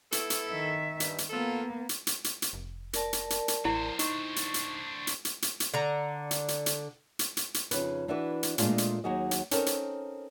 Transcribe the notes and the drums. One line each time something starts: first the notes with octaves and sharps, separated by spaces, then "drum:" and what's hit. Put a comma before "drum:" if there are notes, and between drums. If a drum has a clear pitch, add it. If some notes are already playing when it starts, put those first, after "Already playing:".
B3 E4 A4, drum: hi-hat
drum: hi-hat
D#3 E5
G2, drum: hi-hat
drum: hi-hat
A#3 B3 F4 A4
drum: hi-hat
drum: hi-hat
drum: hi-hat
drum: hi-hat
F1
A#4 D5 A5, drum: hi-hat
drum: hi-hat
drum: hi-hat
drum: hi-hat
A1 F#3 E4 C5
D4 D#4 C5 C#6, drum: hi-hat
drum: hi-hat
drum: hi-hat
drum: hi-hat
drum: hi-hat
drum: hi-hat
drum: hi-hat
D3 A#5
drum: hi-hat
drum: hi-hat
drum: hi-hat
drum: hi-hat
drum: hi-hat
drum: hi-hat
F2 C#3 D#4 B4, drum: hi-hat
E3 D4 E4 F#4 B4
drum: hi-hat
A#2 G#3 A3 D4 F4 G#4, drum: hi-hat
drum: hi-hat
D#2 F#3 D#4 F#4 G#4 D#5
drum: hi-hat
C4 C#4 D#4 A4 A#4, drum: hi-hat
drum: hi-hat